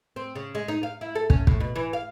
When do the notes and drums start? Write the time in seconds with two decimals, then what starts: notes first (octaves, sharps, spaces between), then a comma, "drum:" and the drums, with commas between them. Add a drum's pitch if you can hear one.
0.16 C4
0.36 C#3
0.55 G#3
0.68 D#4
0.83 F5
1.01 E4
1.15 A4
1.30 C#4, drum: kick
1.47 A2, drum: kick
1.60 B2
1.75 E3
1.93 F5